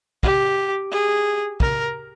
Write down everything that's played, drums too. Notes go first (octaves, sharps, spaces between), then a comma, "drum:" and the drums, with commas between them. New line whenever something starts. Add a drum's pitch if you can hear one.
G4, drum: kick
G#4
A#4, drum: kick